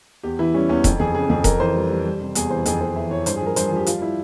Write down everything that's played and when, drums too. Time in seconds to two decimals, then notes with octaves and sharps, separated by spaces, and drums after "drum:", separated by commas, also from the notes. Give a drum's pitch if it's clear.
0.23 E2 G4
0.39 E3 E4
0.54 G3 C#4
0.69 E2 C#4
0.84 F2, drum: kick E1, hi-hat
0.99 F2 G#4
1.15 C#3 G#4
1.30 F2 G#4
1.44 F2 A#4, drum: kick E1, hi-hat
1.60 E3 C5
1.75 G3
1.90 G3
2.05 G3
2.20 C3
2.35 E2 G#4, drum: hi-hat
2.50 E3 C5
2.66 F2 G#4, drum: hi-hat
2.80 F2 C5
2.96 E3 E5
3.11 E3 C#5
3.26 G2 C5, drum: hi-hat
3.36 G#4
3.41 F3
3.46 A#4
3.56 G2 C5, drum: hi-hat
3.66 G#4
3.71 F3
3.76 G4
3.86 G3 F4, drum: hi-hat
4.02 G3 E4